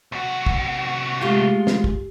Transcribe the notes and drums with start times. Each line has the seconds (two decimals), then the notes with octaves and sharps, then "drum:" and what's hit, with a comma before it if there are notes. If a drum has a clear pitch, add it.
0.12 C2 F#4
0.46 drum: kick
1.21 G#3 A3 F4 G4
1.67 drum: snare
1.84 drum: kick